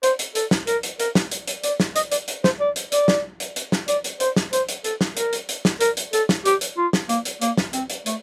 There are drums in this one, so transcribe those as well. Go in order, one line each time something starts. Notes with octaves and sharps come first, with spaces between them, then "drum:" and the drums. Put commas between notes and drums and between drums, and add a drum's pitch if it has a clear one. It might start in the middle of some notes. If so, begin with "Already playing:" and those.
C5, drum: hi-hat
drum: hi-hat
A4, drum: hi-hat
drum: snare
A#4, drum: hi-hat
drum: hi-hat
A#4, drum: hi-hat
drum: snare
drum: hi-hat
drum: hi-hat
D5, drum: hi-hat
drum: snare
D#5, drum: hi-hat
D5, drum: hi-hat
drum: hi-hat
C5, drum: snare
D5
drum: hi-hat
D5, drum: hi-hat
drum: snare
drum: hi-hat
drum: hi-hat
drum: snare
D5, drum: hi-hat
drum: hi-hat
C5, drum: hi-hat
drum: snare
C5, drum: hi-hat
drum: hi-hat
A4, drum: hi-hat
drum: snare
A#4, drum: hi-hat
drum: hi-hat
drum: hi-hat
drum: snare
A#4, drum: hi-hat
drum: hi-hat
A4, drum: hi-hat
drum: snare
G4, drum: hi-hat
drum: hi-hat
F4
drum: snare
A#3, drum: hi-hat
drum: hi-hat
A#3, drum: hi-hat
drum: snare
C4, drum: hi-hat
drum: hi-hat
A3, drum: hi-hat